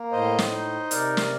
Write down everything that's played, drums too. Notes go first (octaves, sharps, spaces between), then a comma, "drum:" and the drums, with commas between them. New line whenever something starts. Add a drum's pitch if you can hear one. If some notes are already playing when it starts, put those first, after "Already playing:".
Already playing: A#3
A2 C5 D#5
drum: snare
D#4
C3 A#4 D5, drum: hi-hat
drum: snare